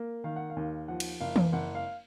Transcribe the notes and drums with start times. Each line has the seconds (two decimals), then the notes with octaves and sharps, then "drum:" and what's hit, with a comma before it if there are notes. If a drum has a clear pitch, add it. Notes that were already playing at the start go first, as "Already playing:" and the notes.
Already playing: A#3
0.24 D#3 F5
0.36 F#5
0.50 F5
0.56 D#2
0.88 F3 F#5
1.00 drum: cymbal
1.20 F#1 F5
1.36 drum: tom E3
1.53 F#1 F#5
1.75 F5